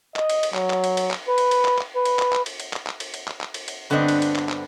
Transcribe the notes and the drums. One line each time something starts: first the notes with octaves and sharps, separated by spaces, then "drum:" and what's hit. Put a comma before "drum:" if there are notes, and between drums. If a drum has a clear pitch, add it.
D#5, drum: clap
drum: cymbal
drum: cymbal
F#3, drum: clap
drum: clap
drum: cymbal
drum: cymbal
drum: clap
B4
drum: cymbal
drum: cymbal
drum: clap
drum: clap
B4
drum: cymbal
drum: clap
drum: clap
drum: cymbal
drum: cymbal
drum: clap
drum: clap
drum: cymbal
drum: cymbal
drum: clap
drum: clap
drum: cymbal
drum: cymbal
G2 D3 B3 C4 D4 D#5
drum: cymbal
drum: cymbal
drum: clap
drum: clap